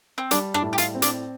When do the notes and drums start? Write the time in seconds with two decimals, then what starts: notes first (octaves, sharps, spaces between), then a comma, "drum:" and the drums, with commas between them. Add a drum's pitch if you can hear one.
0.18 C4
0.31 G3 D4, drum: hi-hat
0.54 D4, drum: rim click
0.62 A2
0.73 G4
0.78 F4, drum: hi-hat
0.95 C4
1.02 D4, drum: hi-hat